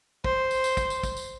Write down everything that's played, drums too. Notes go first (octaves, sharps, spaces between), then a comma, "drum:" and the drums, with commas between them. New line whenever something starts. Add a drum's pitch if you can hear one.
C5, drum: kick
drum: tambourine
drum: tambourine
drum: kick, tambourine
drum: tambourine
drum: kick, tambourine
drum: tambourine